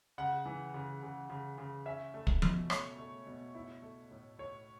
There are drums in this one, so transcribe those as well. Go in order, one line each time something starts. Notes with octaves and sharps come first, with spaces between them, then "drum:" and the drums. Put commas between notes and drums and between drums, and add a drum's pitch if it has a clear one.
C#3 F#5
E3
C#3
C#3
C#3
C#3
C#4 E5
A3
drum: kick
B2, drum: tom F3
A3 C#5, drum: rim click
A3
B2
E4
A3
A2
A2 C#5